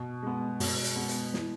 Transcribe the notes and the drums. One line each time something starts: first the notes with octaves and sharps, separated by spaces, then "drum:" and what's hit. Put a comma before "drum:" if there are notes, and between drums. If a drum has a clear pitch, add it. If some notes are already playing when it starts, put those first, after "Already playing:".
Already playing: B2
G#3 B3
B2, drum: open hi-hat
drum: hi-hat
G#3 B3
drum: hi-hat
E3, drum: snare